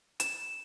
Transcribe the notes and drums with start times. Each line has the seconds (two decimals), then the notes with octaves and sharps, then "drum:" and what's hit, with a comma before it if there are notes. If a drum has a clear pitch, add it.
0.20 E7, drum: hi-hat